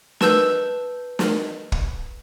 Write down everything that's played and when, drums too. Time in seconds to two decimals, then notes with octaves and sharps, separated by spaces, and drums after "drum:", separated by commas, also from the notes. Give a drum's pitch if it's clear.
0.21 B4 A5 E6 G6, drum: snare
1.19 drum: snare
1.72 drum: kick